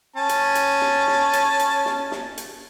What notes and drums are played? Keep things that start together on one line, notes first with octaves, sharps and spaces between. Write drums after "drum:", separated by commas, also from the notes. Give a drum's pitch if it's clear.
C#4 A5
drum: hi-hat
drum: hi-hat
drum: snare
drum: snare
drum: hi-hat
drum: hi-hat
drum: snare
drum: snare
drum: hi-hat